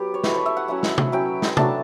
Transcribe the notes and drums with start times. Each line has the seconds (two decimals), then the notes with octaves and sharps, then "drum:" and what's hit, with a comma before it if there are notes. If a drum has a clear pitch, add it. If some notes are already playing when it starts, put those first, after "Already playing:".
Already playing: F#3 B3 G4
0.14 C#5
0.24 A3 E4 B4, drum: snare
0.35 C#5
0.46 E5
0.57 F#5
0.68 F#3 C#4 E4 F#5
0.83 drum: snare
0.98 drum: tom C3
1.12 F#3 C#4 E4 G5
1.42 drum: snare
1.57 F#3 A3 D4 A5, drum: tom C3